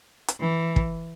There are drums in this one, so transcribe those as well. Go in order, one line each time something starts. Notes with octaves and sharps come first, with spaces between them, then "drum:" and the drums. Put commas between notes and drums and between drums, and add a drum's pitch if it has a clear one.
drum: hi-hat
E3
drum: kick